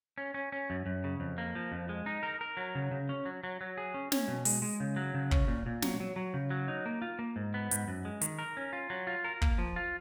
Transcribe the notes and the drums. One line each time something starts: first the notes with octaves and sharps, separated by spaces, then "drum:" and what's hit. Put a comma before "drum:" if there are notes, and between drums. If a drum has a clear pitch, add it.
C#4
C#4
C#4
F#2
F#2
C#3
F2
A#3
F3
F2
G#3
D#4
A#4
A#4
F#3
C#3
C#3
C#4
F#3
F#3
F#3
G#4
C#4
C#4, drum: snare
B2
G#3, drum: open hi-hat
G#3
C#3
F#3
C#3
C#4, drum: kick
A#2
A#2
F#3, drum: snare
F#3
F#3
C#3
F#3
D#4
A#3
F4
A#3
G#2
B3
G#2, drum: hi-hat
F#2
G#3
D#3, drum: hi-hat
A#4
C#4
F4
F#3
F4
A#4
A#3, drum: kick
F3
F4